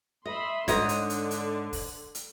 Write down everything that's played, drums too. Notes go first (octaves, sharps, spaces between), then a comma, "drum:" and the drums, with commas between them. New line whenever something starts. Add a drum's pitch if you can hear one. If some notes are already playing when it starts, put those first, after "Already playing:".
D#5 E5 B5 C6
G#2 D3 C#5 D#5, drum: kick, hi-hat
drum: hi-hat
drum: hi-hat
drum: hi-hat
drum: kick, open hi-hat
drum: hi-hat